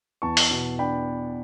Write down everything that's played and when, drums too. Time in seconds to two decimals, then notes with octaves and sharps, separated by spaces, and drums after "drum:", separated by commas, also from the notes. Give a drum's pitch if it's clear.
0.22 E2 A5 C#6
0.37 drum: open hi-hat
0.51 B2
0.79 D4 G5 B5